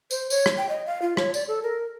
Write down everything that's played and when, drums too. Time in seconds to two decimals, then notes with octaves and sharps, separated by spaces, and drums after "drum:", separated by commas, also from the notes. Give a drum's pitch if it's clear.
0.11 C5, drum: tambourine
0.30 C#5, drum: tambourine
0.46 drum: rim click
0.58 G5
0.69 D#5
0.86 F5
1.02 F4
1.17 C#5, drum: rim click
1.34 D5, drum: tambourine
1.48 A4
1.63 A#4